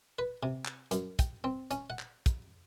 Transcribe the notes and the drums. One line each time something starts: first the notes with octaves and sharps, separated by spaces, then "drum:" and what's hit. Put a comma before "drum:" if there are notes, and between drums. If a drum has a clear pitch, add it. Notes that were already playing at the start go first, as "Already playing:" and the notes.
B4
C3
drum: clap
F#2, drum: hi-hat
G5, drum: kick, hi-hat
C4
C#4, drum: hi-hat
F#5
drum: clap
drum: kick, hi-hat